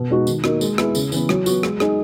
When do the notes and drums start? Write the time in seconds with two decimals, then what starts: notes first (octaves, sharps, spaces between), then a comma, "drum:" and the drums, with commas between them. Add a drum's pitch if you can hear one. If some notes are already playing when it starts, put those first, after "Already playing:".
Already playing: B2
0.10 G#3 D#4 F#4
0.27 D#3, drum: tambourine
0.44 A#3 D#4 F#4, drum: rim click
0.61 G#3, drum: tambourine
0.78 B3 E4 G#4, drum: rim click
0.95 C#3, drum: tambourine
1.12 E3 B3, drum: tambourine
1.29 F#3, drum: rim click
1.46 B3 F#4, drum: tambourine
1.63 G#3, drum: rim click
1.80 D#4 G#4, drum: rim click